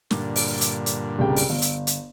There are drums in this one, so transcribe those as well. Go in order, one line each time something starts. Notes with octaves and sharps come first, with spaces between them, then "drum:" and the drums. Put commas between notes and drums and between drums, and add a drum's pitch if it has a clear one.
G2 A#2 D3, drum: snare
drum: open hi-hat
drum: hi-hat
drum: hi-hat
C2 C#3 G5
drum: open hi-hat
G1
drum: hi-hat
drum: hi-hat